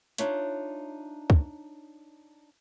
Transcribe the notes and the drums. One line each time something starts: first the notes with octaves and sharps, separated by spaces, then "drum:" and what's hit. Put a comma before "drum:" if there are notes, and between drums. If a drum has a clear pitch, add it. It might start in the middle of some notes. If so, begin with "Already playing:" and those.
D4 D#4 F4 C#5 E5, drum: hi-hat
drum: kick